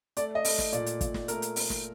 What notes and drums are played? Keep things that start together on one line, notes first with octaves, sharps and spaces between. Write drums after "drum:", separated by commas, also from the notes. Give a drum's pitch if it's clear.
A3 D5, drum: hi-hat
D#5
A3, drum: open hi-hat
drum: snare
A#2 D5, drum: hi-hat
drum: hi-hat
A#2, drum: kick, hi-hat
drum: snare
A3 A#4, drum: hi-hat
drum: hi-hat
A3, drum: open hi-hat
drum: snare